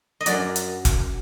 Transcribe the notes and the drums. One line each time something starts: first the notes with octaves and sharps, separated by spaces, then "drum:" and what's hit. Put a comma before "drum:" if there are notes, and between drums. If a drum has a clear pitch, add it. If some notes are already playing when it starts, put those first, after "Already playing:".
D#5
F#2 F#3 D5, drum: hi-hat
drum: hi-hat
drum: kick F1, hi-hat